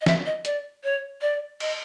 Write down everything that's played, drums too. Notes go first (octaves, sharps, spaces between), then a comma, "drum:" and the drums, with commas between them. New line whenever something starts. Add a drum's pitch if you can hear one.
D#5
E5, drum: snare
D#5
D5, drum: hi-hat
C#5
D5
D#5, drum: cymbal